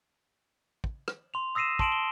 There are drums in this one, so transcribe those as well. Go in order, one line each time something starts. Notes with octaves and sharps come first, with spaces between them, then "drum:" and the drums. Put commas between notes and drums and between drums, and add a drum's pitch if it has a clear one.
drum: kick
drum: rim click
C6 F7
D#6 E6 A#6 C7 D#7 E7
A5 C6 D7 E7 F#7, drum: kick
G7